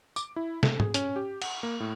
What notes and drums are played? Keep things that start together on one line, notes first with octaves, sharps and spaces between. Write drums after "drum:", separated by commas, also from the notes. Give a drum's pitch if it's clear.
D6, drum: tambourine
E4
A4, drum: snare
G#4, drum: tom
C#4, drum: hi-hat
G4
F#5, drum: cymbal
A#3
A2